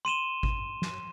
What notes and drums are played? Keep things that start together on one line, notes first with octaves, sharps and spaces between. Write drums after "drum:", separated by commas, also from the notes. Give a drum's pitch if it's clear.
C6 D#7 E7 G7
drum: kick G#1
drum: snare